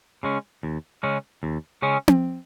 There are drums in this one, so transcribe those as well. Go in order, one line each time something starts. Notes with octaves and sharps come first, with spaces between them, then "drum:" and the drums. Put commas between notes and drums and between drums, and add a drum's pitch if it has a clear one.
C#3 G#3 C#4
D#2
C#3 G#3 C#4
D#2
C#3 G#3 C#4
drum: tom C4